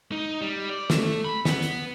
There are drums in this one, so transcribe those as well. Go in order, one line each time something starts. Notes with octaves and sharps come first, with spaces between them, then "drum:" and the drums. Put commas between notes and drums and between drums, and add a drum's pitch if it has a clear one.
D#4
G3
D5
A3, drum: snare
B5
B3, drum: snare
drum: hi-hat